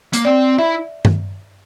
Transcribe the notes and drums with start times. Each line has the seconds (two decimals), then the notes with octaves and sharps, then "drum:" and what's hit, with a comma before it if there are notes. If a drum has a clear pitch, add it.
0.13 A#3, drum: hi-hat
0.25 C4 D5
0.58 E4 E5
1.05 drum: tom G2